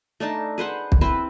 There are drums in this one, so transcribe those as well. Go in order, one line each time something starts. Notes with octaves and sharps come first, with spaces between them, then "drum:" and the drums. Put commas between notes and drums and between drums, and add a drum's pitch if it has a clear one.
A3 D4 D#4 A5
G#4 B4 C5 F#5
drum: kick
C4 E4 B4 C5